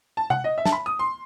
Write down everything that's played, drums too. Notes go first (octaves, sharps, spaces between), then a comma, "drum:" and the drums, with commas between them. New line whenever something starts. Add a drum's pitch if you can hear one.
A5
F#5, drum: tom C3
D#5
E5
A5, drum: snare
B5
D#6
C6